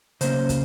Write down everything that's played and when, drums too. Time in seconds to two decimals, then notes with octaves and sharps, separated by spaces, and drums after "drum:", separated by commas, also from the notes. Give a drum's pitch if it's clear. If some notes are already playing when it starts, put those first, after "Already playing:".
0.21 C#3 F#3 A#3 C#4 C5, drum: hi-hat
0.49 drum: kick, hi-hat